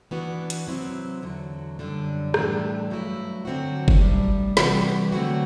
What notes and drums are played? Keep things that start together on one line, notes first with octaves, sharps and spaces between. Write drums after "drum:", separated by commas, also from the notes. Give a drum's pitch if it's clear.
E3 B3 D4 F#4
drum: hi-hat
C3 F#3 C4 E4
E2 D3 F#3
F#2 D3 G3 D4
A2 E3 G3 D4, drum: rim click
G2 F#3 A3 E4
D3 F#3 C4 F#4
drum: kick F#1
A2 G3 D4
C3 E3 G3 B3 F#4, drum: snare
D3 F#3 A3 C4 F#4